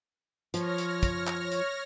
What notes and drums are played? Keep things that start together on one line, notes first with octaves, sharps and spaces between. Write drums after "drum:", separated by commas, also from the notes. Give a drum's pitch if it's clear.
F3 C#5 F6 A#6, drum: hi-hat
drum: hi-hat
drum: kick, hi-hat
drum: clap
drum: hi-hat